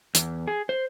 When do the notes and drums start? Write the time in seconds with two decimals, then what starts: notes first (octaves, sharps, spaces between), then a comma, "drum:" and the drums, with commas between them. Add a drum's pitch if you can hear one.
0.15 E2, drum: hi-hat
0.47 G#4
0.69 C5